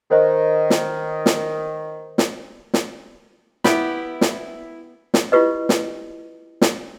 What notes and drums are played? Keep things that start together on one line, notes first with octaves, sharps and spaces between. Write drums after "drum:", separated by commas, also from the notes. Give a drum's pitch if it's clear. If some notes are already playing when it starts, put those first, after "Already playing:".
D#3 A#4 C5 D#5
drum: snare
drum: snare
drum: snare
drum: snare
B3 E4 G4 B5, drum: snare
drum: snare
drum: snare
E4 F4 G4 B4 D#5
drum: snare
drum: snare